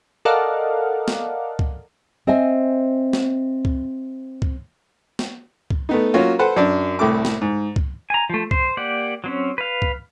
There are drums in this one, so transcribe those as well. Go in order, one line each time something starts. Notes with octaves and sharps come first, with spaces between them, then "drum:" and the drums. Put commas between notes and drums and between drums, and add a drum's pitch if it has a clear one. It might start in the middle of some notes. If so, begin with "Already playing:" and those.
A4 A#4 D5 D#5 F5 F#5
drum: snare
drum: kick C#2
C4 C5 D#5 E5 G#5
drum: snare
drum: kick C#2
drum: kick C#2
drum: snare
drum: kick C#2
A3 B3 D#4
F#3 A#3 C#4 F4 F#4
A4 B4 C5 F#5
F#2 D4 D5
C2 A2 A4 D6
drum: snare
G#2
drum: kick C#2
G#5 A#5
F3 A3
C5, drum: kick C#2
A#3 G4 D5 F#5
F#3 C4 C#4
B4 F5
drum: kick C#2